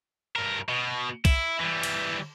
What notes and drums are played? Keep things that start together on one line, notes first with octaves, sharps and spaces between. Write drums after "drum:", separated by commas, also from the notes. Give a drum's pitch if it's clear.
G2 A#4
B2
E4, drum: kick, cymbal
E3 G3
drum: cymbal